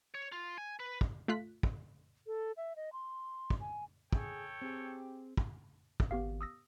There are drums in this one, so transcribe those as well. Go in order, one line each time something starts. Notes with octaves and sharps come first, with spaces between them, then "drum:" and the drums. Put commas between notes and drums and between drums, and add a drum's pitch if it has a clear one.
C#5
F4
G#5
B4
drum: kick
A3 F4 F#6 B6
drum: kick
A4
E5
D#5
C6
drum: kick
G#5
G#4 A4 C#5 G5, drum: kick
C4 G4 G#4
drum: kick
drum: kick
G#1 B3 G4 F5
D#6 E6 A#6